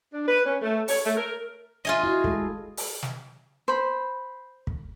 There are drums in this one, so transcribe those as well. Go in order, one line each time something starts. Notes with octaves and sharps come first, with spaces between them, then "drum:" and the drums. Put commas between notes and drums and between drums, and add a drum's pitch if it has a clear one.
D4
B4
C#4
A3
C#5, drum: open hi-hat
A3
A#4
F4 G#4 D#5 E5
E4 F#4
G#3 A4, drum: kick
drum: open hi-hat
drum: snare
C5 B5
drum: kick